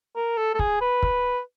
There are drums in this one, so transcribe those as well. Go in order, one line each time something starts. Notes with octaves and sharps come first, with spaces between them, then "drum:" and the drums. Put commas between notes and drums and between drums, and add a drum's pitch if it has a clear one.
A#4
A4
A4
G#4, drum: kick
B4
drum: kick